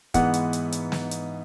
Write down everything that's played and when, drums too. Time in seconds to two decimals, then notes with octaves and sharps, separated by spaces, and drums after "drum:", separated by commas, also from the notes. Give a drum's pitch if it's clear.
0.14 G#2 E3 G#3 B3 F#5, drum: kick, hi-hat
0.34 drum: hi-hat
0.53 drum: hi-hat
0.72 drum: hi-hat
0.92 drum: snare
1.11 drum: hi-hat